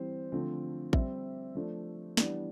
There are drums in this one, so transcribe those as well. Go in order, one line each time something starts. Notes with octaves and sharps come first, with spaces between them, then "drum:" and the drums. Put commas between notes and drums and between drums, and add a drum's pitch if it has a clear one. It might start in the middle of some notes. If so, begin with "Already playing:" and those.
Already playing: E3 G3 C4 G4 C5
D3 F3 A3 C4 F4
G3 C4 G4 C5 E5, drum: kick A1
F3 A3 D4
E3 G3 B3 D4, drum: snare